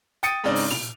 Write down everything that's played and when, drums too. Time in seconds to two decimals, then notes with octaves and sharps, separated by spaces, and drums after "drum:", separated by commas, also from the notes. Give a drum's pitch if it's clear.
0.23 G5 D#6 A6 C#7 D#7, drum: hi-hat
0.44 G#2 C#3 C4 D4 D#4
0.55 drum: open hi-hat
0.71 F7, drum: tom